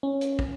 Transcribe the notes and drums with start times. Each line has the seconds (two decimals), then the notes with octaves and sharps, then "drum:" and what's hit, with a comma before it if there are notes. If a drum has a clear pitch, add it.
0.03 C#4
0.21 drum: hi-hat
0.39 drum: kick